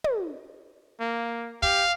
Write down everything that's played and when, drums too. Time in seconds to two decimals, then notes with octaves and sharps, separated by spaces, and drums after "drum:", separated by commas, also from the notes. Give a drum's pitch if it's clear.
0.04 drum: tom
1.00 A#3
1.62 G4 F5, drum: kick